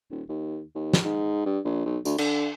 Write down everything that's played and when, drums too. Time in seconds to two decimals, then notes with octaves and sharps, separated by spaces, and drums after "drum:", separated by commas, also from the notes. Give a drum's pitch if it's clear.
0.10 D#1
0.29 D#2
0.75 D#2
0.93 drum: snare
1.04 G#2
1.45 G2
1.65 A#1
1.86 B1
2.05 D2, drum: tambourine
2.18 D3, drum: cymbal